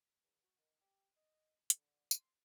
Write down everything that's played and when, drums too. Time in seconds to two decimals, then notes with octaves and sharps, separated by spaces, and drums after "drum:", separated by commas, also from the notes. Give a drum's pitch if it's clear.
0.24 E2
0.43 F#4
0.58 D#3
0.81 G4
1.16 D#5
1.70 D3, drum: hi-hat
2.11 C6, drum: tambourine